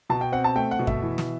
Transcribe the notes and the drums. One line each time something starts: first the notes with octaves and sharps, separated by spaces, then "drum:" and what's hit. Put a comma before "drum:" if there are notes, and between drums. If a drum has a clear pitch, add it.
B2 A5
G5
C4 F#5
A5
A3 G5
F#5
B2
E5, drum: kick F#2
E3
drum: snare